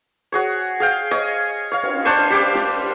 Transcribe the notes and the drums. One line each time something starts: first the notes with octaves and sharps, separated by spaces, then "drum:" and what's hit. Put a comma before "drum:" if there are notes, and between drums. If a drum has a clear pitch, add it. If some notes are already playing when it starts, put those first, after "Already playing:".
F#4 G#4 C#5
G#4 F5 G5
C#5 D#5 G#5, drum: hi-hat
C#5 F5
drum: cymbal
D4 C5 G#5 C#6
G3 G4 D6
drum: snare